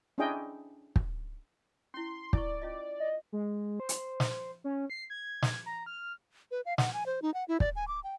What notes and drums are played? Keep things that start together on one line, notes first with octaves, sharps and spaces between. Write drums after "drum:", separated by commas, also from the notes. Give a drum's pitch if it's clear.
C#4 D4 E4 G#4 D#5 G5
drum: kick
C#4 E4 C6
E4 D5 C#6, drum: kick
C#4 F4 D#5
D#5
G#3
C5
drum: hi-hat
drum: snare
C#4
C7
G#6
drum: snare
A#5
F6
B4
F5
F#5, drum: snare
G#5
C5
D#4
F#5
E4
D5, drum: kick
G#5
D6
G5